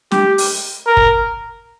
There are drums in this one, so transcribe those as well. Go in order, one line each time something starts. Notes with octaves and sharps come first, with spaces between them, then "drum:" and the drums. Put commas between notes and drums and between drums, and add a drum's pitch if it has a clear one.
G4, drum: snare
drum: open hi-hat
A#4
drum: kick